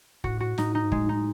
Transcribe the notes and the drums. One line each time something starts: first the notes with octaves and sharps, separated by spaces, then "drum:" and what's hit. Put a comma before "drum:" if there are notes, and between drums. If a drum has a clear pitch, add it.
A2 F#4, drum: kick
F#4
A2 D#4, drum: snare
D#4
G#2
A2 G#3, drum: kick
D#4